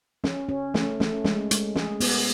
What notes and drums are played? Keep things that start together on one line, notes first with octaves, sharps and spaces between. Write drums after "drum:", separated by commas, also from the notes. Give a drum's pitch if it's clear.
C#4, drum: snare
C#4
A3, drum: snare
A3, drum: snare
G#3, drum: snare
G#3, drum: hi-hat
G#4, drum: snare
B3, drum: open hi-hat